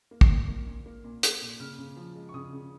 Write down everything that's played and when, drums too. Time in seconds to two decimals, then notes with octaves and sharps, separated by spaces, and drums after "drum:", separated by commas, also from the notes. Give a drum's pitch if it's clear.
0.11 A#3
0.21 drum: kick
0.30 A#2
0.48 A#3
0.67 A#2
0.86 A#3
1.04 A#2
1.23 A#3, drum: hi-hat
1.42 A#2
1.60 C#3 F6
1.79 C#3
1.97 F3
2.16 G#3
2.29 C#6
2.34 C#3 D#6
2.53 C#3